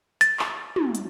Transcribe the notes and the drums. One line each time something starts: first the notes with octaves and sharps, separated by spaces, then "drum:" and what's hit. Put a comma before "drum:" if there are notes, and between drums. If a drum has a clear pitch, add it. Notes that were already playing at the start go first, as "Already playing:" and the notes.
A6, drum: hi-hat
drum: clap
drum: tom
drum: hi-hat